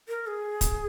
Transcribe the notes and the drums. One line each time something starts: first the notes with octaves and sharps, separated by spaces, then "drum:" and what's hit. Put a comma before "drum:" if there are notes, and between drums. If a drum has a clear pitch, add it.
A#4
G#4
drum: kick, hi-hat